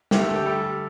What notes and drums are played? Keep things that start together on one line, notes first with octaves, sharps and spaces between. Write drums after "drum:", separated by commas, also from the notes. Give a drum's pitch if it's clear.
A3 G4, drum: snare
A4
D3
G4
G3 A4
G3